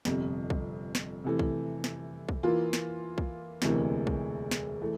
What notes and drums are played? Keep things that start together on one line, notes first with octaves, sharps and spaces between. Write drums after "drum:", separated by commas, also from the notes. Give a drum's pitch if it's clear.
G1 F2 C3, drum: snare
drum: kick B1
drum: snare
C3 E3 A3
drum: kick B1
drum: snare
drum: kick B1
E3 A#3 F4
drum: snare
drum: kick B1
E1 D2 C3 E3 A#3, drum: snare
drum: kick B1
drum: snare
E3 A3